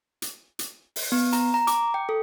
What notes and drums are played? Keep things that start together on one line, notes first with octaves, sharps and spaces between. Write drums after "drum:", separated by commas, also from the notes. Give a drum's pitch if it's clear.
drum: hi-hat
drum: hi-hat
drum: open hi-hat
B3
A#5, drum: hi-hat
A#5
D6, drum: hi-hat
G5
A4